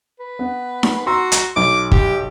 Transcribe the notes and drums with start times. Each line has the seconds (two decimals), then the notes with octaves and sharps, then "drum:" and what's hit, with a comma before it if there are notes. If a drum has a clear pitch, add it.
0.20 B4
0.39 B3
0.83 drum: snare D#4
1.06 F#4 A#5 C6 E6
1.32 drum: hi-hat
1.56 B1 D6
1.92 G4, drum: kick